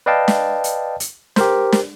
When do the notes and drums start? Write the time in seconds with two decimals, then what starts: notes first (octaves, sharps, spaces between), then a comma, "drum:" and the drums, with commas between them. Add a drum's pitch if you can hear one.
0.06 B4 D5 D#5 F5 G5 A5
0.28 drum: snare
0.64 drum: hi-hat
1.00 drum: hi-hat
1.36 G4 A#4 C5, drum: snare
1.72 drum: snare